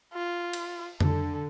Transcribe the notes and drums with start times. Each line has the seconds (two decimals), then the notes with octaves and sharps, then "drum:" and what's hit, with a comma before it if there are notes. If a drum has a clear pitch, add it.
0.14 F4
0.53 drum: cymbal
1.01 D3 A4, drum: tom F2